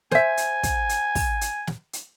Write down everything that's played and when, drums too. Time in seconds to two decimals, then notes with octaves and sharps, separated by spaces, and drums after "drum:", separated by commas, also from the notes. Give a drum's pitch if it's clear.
0.11 C5 E5 G#5, drum: snare
0.37 drum: hi-hat
0.63 drum: kick, hi-hat
0.89 drum: hi-hat
1.15 drum: kick, open hi-hat
1.41 drum: hi-hat
1.67 drum: snare
1.93 drum: hi-hat